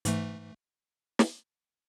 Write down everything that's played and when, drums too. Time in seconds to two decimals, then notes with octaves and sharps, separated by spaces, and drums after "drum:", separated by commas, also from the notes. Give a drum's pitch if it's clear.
0.05 G#2 E3 A3, drum: hi-hat
1.19 drum: snare